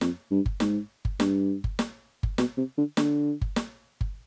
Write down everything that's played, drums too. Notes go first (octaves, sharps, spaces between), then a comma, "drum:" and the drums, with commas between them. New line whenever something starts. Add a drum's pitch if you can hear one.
F2, drum: snare
G2
drum: kick G1
G#2, drum: snare
drum: kick G1
G2, drum: snare
drum: kick G1
drum: snare
drum: kick G1
B2, drum: snare
C3
D3
D3, drum: snare
drum: kick G1
drum: snare
drum: kick G1